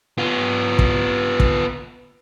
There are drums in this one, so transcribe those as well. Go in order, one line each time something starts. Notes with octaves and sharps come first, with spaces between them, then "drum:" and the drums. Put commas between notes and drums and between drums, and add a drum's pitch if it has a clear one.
B3 F4
drum: kick
drum: kick